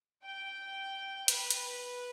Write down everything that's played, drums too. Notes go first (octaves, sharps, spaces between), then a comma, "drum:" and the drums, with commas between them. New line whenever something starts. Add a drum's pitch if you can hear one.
G5
B4, drum: hi-hat
drum: hi-hat